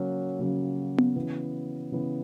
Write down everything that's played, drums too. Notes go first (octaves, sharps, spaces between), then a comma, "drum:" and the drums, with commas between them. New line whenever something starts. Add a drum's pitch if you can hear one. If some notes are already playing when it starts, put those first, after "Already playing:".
Already playing: C#3 F#3 A#3 C#4 F#4
C#3 F#3 A#3 C#4 F#4
drum: tom B3
C#3 E3 B3
C#3 E3 B3